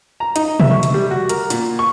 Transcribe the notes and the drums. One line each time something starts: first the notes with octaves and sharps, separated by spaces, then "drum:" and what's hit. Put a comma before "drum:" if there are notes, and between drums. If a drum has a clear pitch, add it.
A#5
D#4, drum: hi-hat
E5, drum: tom B2
C#6
drum: hi-hat
G3
F#4
A#4, drum: hi-hat
A#2, drum: hi-hat
C#6